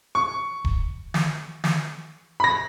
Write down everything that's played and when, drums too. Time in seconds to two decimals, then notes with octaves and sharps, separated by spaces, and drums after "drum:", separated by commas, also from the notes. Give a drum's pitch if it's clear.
0.15 C#6
0.65 drum: kick D#1
1.14 drum: snare
1.64 drum: snare
2.40 B5 A#6